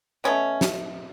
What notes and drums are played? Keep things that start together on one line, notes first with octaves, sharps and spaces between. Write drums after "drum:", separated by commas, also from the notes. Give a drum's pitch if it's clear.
B2 A3 C#4
drum: snare